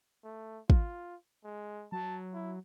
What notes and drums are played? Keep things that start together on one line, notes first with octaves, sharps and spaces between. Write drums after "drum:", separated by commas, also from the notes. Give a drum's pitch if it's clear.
A3
F4, drum: kick
G#3
F#3 A5
E4